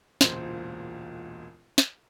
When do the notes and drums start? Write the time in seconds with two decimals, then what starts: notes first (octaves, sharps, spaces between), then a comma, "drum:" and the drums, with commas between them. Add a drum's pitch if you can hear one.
0.21 E1 C#2 A#2 C5, drum: snare
1.78 drum: snare